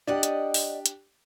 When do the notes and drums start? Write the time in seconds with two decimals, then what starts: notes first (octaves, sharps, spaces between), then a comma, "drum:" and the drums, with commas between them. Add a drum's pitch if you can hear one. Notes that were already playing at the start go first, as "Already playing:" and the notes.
0.07 D4 G4 D5 D#5 F#5
0.23 drum: hi-hat
0.54 drum: open hi-hat
0.86 drum: hi-hat